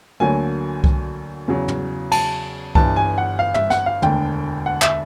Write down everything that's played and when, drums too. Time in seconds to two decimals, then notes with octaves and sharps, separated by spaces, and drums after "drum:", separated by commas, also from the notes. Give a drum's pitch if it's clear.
0.20 D2 D3 F#3 A#3 G#5
0.84 drum: kick C2
1.48 E2 C#3 F#3
1.68 drum: tom
2.12 A5, drum: cymbal
2.75 G1 G2 E3 A5, drum: kick C2
2.96 G#5
3.18 F#5
3.39 F5
3.54 E5, drum: tom
3.70 F#5, drum: snare
3.86 F5
4.02 E1 D2 D3 G5, drum: tom
4.66 F#5
4.82 E5, drum: clap